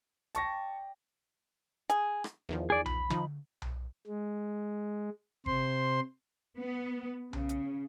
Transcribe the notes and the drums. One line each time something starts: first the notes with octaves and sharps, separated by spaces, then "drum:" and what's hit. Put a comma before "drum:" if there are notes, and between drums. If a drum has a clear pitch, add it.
D5 G5 A5 C#6 A#6, drum: hi-hat
G#4, drum: hi-hat
drum: rim click
E2 D#3 F3
G#4 D5
B5, drum: tom B1
F3 D#4, drum: tom D3
drum: tom B1
G#3
C3 C5 C6, drum: kick F#1
B3
C#3, drum: tom B1
drum: hi-hat